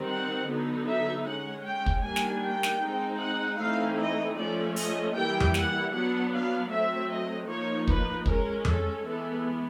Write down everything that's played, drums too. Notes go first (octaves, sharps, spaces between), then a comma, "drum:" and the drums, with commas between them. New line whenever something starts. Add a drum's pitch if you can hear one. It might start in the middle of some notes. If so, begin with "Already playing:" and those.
Already playing: D#3 G3 C4 D#4
F#5
D3 F#3 B3 D#4
E5
G#3 C#4 F#5
G5
drum: kick
D#3 G3 A#3 D4 G#5
drum: snare
G5
drum: snare
G#3 C4 D#4
F#5
E3 A3 C4 D#4 F5
D#5
F3 A3 C#4 D5
D#5, drum: open hi-hat
E3 G3 A#3 G5
drum: tom F2
F#5, drum: snare
F#3 B3 D4 F#5
F5
F#3 A3 C4 E5
D#5
F3 A#3 D#4 C#5
B4, drum: kick
G#3 C#4 A#4, drum: kick
A4, drum: tom F2
E3 G#3 B3 A4